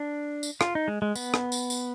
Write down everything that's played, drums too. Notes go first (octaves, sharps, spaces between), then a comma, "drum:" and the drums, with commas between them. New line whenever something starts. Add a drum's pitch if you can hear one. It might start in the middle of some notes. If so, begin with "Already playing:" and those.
Already playing: D4
drum: tambourine
F4, drum: rim click
D#4
G#3
G#3
B3, drum: tambourine
drum: rim click
drum: tambourine
drum: tambourine